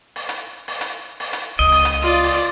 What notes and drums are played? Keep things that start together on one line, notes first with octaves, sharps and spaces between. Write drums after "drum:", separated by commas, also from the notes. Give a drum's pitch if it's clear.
drum: open hi-hat
drum: hi-hat
drum: open hi-hat
drum: hi-hat
drum: open hi-hat
drum: hi-hat
C#2 D#5
drum: open hi-hat
drum: hi-hat
F4 D5
drum: open hi-hat